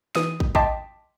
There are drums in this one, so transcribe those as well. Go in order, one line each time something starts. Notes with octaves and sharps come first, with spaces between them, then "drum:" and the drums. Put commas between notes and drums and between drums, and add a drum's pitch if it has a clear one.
E3 D#6 D#7, drum: snare
drum: kick
D#5 G5 A5 C6 D6 B6, drum: kick